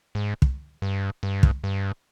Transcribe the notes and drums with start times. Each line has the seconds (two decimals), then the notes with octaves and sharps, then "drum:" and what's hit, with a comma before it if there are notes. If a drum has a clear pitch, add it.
0.15 G#2
0.42 drum: kick
0.82 G2
1.23 G2
1.43 drum: kick
1.64 G2